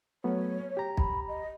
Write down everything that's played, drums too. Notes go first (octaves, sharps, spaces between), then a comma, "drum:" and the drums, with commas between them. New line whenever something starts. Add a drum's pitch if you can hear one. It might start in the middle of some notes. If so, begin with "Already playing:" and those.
F#3 A3 B3 C#5
G4 A#5
B5, drum: kick B1
D#5